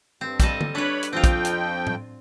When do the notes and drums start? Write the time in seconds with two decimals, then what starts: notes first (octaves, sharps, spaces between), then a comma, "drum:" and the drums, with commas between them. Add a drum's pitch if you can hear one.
0.21 G2 C4
0.40 G3 A4 D#5, drum: kick, hi-hat
0.61 drum: tom D3
0.75 D4 B4 C#5 B5
1.03 drum: hi-hat
1.13 F2 F3 C4 F4 G5
1.24 drum: kick, hi-hat
1.45 drum: hi-hat
1.87 drum: tom A2